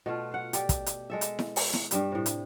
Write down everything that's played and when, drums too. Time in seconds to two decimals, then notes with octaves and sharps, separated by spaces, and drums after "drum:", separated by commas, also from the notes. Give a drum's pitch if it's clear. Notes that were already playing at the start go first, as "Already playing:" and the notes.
0.06 B2 A3 F4
0.31 F5 F#5
0.53 G4 D5, drum: hi-hat
0.69 drum: kick, hi-hat
0.86 drum: hi-hat
1.10 G#3 A4 E5
1.21 drum: hi-hat
1.39 drum: snare E4
1.56 drum: open hi-hat
1.73 drum: snare E4
1.91 G2 G3 E5, drum: hi-hat
2.12 A2 C3
2.26 drum: hi-hat